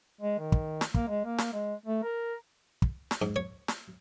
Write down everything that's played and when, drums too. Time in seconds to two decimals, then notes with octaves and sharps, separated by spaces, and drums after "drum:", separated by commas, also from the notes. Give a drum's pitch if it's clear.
0.21 G#3
0.39 D#3
0.52 drum: kick
0.81 drum: snare
0.94 A#3, drum: kick
1.08 G#3
1.25 A#3
1.38 drum: snare
1.53 G#3
1.86 A3
2.03 A#4
2.82 drum: kick
3.11 drum: snare
3.22 G#2
3.36 C#5
3.68 drum: snare